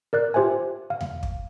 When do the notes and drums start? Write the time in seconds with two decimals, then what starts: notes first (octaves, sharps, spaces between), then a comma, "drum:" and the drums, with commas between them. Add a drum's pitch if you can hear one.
0.13 A#4 D5 F#6
0.34 F4 G4 C5 E5 G#5
0.90 F5
1.01 drum: tom E2
1.23 drum: kick